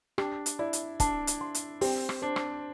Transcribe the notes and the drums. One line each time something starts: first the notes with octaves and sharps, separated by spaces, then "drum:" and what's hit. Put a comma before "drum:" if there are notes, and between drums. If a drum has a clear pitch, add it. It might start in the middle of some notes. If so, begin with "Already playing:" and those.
D4 G4, drum: rim click
drum: hi-hat
E4 D5
drum: hi-hat
D4 A5, drum: kick, hi-hat
drum: hi-hat
C6
drum: hi-hat
C4 G4, drum: open hi-hat
drum: rim click
D4 C5
drum: rim click